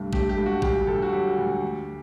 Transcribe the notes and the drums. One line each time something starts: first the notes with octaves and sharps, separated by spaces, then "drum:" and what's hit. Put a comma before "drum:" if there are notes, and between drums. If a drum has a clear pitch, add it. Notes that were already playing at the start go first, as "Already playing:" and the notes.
Already playing: C2 G2 A3 G4
A3 G4, drum: kick A1
G4
G2
F#4
D2 G4, drum: kick A1
D2 A4
F#4
F#3 G4
D2
D2